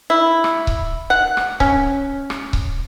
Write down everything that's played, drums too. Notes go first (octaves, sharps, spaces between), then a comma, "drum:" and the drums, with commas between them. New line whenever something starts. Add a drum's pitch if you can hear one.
E4
drum: rim click
drum: kick C#1
F#5
drum: rim click
C#4, drum: kick C#1
drum: rim click
drum: kick C#1